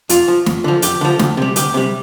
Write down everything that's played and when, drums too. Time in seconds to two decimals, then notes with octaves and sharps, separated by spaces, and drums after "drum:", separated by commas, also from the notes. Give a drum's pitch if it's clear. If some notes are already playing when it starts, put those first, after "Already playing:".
0.09 F2 F4, drum: hi-hat
0.28 F3
0.46 F2, drum: snare
0.64 D3 F3
0.82 F2 G4, drum: hi-hat
1.01 D3 F3
1.19 D2, drum: snare
1.37 C3 G3
1.56 D2 G4, drum: hi-hat
1.74 C3 G3